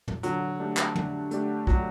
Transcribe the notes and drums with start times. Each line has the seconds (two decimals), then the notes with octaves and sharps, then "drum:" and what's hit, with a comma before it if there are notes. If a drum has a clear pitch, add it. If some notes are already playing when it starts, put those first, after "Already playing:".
0.08 drum: tom
0.23 D3 F#3, drum: hi-hat
0.60 A3 D4 G4
0.77 drum: clap
0.95 D3, drum: tom
1.31 A3 D4 G4, drum: hi-hat
1.67 F#3, drum: kick